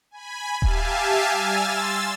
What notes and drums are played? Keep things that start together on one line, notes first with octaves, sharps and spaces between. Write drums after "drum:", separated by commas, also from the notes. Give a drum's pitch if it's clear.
G#5 B5
G4 E5 F5 G#5 A5, drum: kick D#1
G3 G#5 E6 F6 A6
C6 E6 A6